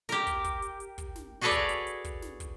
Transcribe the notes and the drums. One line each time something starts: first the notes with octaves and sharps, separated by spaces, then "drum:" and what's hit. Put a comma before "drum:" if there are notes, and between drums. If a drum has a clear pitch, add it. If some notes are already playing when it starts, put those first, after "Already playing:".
G4 A#4, drum: snare
drum: kick, hi-hat
drum: kick, hi-hat
drum: hi-hat
drum: hi-hat
drum: kick, hi-hat
drum: snare
F#4 G#4 A4 B4 C#5 D5
drum: kick, hi-hat
drum: hi-hat
drum: hi-hat
drum: kick, hi-hat
drum: snare
drum: kick, hi-hat